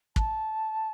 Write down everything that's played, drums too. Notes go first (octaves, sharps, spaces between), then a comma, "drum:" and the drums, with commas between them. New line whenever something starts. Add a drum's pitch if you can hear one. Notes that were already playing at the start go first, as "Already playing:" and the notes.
A5, drum: kick